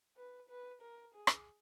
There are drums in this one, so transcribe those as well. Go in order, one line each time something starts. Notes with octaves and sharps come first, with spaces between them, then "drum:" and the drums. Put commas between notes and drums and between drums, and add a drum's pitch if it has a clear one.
B4
B4
A#4
G#4
drum: rim click